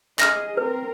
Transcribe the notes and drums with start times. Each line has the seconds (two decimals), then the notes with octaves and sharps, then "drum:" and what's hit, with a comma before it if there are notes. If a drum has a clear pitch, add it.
0.19 G#4 D#5 F6 A#6, drum: clap
0.57 C4 A#4 B4